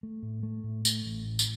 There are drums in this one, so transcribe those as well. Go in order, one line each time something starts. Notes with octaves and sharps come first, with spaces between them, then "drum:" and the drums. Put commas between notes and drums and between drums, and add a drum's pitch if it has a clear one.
A3
A2
A3
A2
A3, drum: tambourine
A1
A2
drum: tambourine